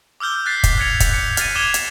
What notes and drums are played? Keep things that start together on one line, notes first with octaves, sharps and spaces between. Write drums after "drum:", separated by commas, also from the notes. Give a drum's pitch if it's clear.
D6 E6 F6 G6 G7
F#6 A6 B6 C7
drum: kick, hi-hat
F#6 G#6 B6 C#7 F7
drum: kick, hi-hat
C#7
F6 A6 D#7, drum: hi-hat
D6 G#6 C#7 E7 F7 G7
drum: hi-hat